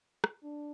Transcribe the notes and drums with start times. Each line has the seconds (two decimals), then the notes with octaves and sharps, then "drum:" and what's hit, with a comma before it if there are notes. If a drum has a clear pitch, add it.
0.24 drum: rim click
0.43 D4